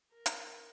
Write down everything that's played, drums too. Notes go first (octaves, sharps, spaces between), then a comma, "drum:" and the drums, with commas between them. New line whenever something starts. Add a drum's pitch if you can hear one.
A#4
drum: hi-hat